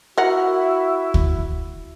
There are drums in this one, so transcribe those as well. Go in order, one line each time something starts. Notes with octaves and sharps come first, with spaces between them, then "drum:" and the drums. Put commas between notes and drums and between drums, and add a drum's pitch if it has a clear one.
E4 F#4 A#4 F#5
drum: kick